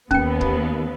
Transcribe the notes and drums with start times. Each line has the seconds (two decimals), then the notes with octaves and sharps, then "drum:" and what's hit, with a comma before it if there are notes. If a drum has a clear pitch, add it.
0.11 D#2 B3 C#4 G5, drum: kick
0.41 drum: kick